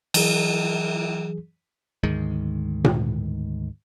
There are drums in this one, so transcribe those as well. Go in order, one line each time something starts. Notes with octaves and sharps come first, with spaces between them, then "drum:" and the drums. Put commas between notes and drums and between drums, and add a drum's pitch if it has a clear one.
E3 F#3 G#4, drum: cymbal
D2 G#2 D#3 G#3
drum: tom A#2